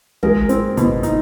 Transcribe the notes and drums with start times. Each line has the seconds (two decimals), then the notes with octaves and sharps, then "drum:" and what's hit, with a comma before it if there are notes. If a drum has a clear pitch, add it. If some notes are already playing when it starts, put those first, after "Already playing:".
0.23 G#3 A#4, drum: tom
0.49 C4, drum: hi-hat
0.77 B2, drum: kick, hi-hat
1.03 D#4, drum: hi-hat